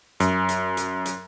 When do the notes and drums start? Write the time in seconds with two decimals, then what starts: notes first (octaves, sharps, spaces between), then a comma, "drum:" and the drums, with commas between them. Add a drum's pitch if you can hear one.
0.20 F#2, drum: hi-hat
0.49 drum: hi-hat
0.77 drum: hi-hat
1.05 drum: hi-hat